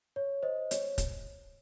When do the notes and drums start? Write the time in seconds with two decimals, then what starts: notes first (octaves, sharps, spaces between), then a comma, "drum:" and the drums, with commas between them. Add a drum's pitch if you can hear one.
0.16 C#5
0.43 C5 D#5
0.71 C#5, drum: hi-hat
0.98 drum: kick, hi-hat